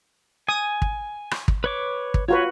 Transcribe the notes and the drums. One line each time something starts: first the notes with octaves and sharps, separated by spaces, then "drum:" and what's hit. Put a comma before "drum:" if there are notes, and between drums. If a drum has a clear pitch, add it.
G#5 D#6
drum: kick
drum: rim click
drum: kick
B4 C#5 D6
drum: kick
F4 F#4 B4 C#5